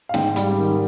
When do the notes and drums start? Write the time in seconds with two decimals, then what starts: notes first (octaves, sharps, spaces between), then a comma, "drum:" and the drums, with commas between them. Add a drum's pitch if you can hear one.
0.09 F5
0.14 G#2 G5, drum: snare
0.36 G3, drum: hi-hat
0.58 D#3